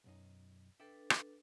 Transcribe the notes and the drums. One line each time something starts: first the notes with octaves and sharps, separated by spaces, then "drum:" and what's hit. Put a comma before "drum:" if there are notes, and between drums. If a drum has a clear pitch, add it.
B1 F#2 D#4
D4 A4 B4 E5 G5
drum: rim click